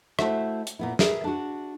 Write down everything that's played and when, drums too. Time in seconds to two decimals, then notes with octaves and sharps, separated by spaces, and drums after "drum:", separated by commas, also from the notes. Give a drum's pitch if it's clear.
0.19 A3 E4 F#4 C5 E5, drum: rim click
0.67 drum: hi-hat
0.79 A#2 B3 E4
0.99 G#4 A#4 B4 E5, drum: snare
1.24 D4 F#4